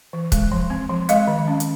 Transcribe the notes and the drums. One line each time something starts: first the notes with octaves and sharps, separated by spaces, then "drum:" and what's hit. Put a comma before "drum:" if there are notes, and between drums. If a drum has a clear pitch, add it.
E3
G#3, drum: kick, hi-hat
F3
C4
F3
G#3 D#5 F5, drum: hi-hat
D#3
C#4
drum: hi-hat